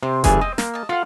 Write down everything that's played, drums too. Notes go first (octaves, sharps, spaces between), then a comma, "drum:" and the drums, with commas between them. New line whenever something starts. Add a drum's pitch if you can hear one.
C3 C4 C5
G1 E3 G#4 G#5 A5, drum: kick F1, hi-hat
C4 D#5
A#3, drum: snare
D#5 A5
F4 A4 F5 F#5 F6